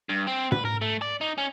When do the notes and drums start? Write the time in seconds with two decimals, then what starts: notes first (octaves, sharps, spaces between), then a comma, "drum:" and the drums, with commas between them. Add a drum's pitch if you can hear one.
0.09 G2
0.27 C4
0.52 B4, drum: tom
0.65 A#4
0.81 A3
1.02 D5
1.21 D#4
1.38 C#4